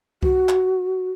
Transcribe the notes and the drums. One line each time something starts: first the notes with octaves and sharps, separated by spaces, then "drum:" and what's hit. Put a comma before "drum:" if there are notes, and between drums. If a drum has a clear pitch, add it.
F#4, drum: kick C2
drum: clap